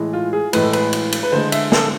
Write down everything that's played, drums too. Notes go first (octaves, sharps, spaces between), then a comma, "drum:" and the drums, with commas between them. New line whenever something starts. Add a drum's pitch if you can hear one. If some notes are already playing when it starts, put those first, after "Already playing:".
Already playing: A2 E3 G#3
F4
G#4
A2 E3 G#3 B4, drum: cymbal
A4
B4, drum: cymbal
drum: cymbal
drum: cymbal
B4
D3 G#3 C5
E5, drum: cymbal
A4, drum: snare